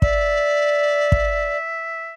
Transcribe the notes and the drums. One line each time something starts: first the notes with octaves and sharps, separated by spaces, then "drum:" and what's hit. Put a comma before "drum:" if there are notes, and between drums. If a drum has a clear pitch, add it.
D5 E5, drum: kick
drum: kick